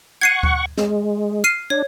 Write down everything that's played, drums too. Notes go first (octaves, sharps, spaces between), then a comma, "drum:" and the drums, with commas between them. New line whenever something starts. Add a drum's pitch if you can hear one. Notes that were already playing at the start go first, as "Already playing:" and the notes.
F#5 C#6 G#6 C7 D#7
drum: kick D2
G#3, drum: snare
F6 C7 D#7
D4 C#5